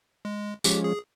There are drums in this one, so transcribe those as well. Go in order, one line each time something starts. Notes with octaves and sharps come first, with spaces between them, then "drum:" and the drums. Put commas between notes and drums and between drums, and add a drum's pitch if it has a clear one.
G#3
F3 G#3 C#4 G4, drum: tambourine
G#4